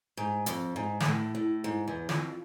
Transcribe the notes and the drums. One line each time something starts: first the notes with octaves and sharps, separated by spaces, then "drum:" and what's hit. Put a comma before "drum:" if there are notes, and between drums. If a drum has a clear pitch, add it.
G#2
F2, drum: hi-hat
G#2
G#2, drum: snare
A2
A2
G#2
E2
F2, drum: snare